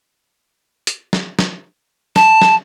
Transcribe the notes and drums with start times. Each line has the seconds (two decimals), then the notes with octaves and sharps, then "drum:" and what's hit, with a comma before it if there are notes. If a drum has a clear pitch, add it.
0.87 drum: hi-hat
1.13 drum: snare
1.39 drum: snare
2.16 A5, drum: snare
2.42 drum: snare